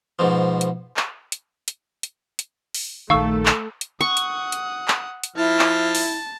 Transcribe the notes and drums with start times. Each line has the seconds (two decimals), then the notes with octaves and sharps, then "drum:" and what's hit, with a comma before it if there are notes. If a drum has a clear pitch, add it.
0.19 G#2 B2 F3
0.61 drum: hi-hat
0.97 drum: clap
1.32 drum: hi-hat
1.68 drum: hi-hat
2.03 drum: hi-hat
2.39 drum: hi-hat
2.74 drum: open hi-hat
3.10 A#1 D#3 A3 A4 F5 C#6 E6
3.46 drum: clap
3.81 drum: hi-hat
4.01 F#5 C#6 D#6
4.17 drum: hi-hat
4.52 drum: hi-hat
4.88 drum: clap
5.24 drum: hi-hat
5.36 F3 E4 A5 F6
5.59 drum: clap
5.95 drum: open hi-hat